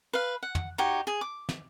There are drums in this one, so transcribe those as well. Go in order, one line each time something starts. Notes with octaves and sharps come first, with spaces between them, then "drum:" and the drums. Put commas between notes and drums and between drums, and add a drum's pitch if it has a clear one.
B4 F5
F#5
drum: tom
D#4 F#4 G4 C#5
G#4
D6
drum: snare